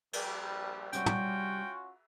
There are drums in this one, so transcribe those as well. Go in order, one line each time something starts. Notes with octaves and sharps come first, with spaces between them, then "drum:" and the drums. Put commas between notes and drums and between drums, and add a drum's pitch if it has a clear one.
A#1 G3, drum: cymbal
C3 G3 C#4 F4 F#4 C#5 G5, drum: hi-hat
drum: tom